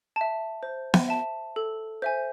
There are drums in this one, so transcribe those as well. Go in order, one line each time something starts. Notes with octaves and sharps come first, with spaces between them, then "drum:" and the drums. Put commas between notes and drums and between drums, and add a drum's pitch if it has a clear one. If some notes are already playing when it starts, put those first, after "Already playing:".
E5 A5
C5
drum: snare B3
E5 A5
A4
C5 E5 G#5